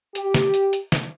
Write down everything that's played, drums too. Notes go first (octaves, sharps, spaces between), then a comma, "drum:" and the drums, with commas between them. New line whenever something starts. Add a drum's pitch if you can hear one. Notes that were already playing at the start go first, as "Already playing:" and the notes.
G4, drum: hi-hat
drum: snare
drum: hi-hat
drum: hi-hat
drum: snare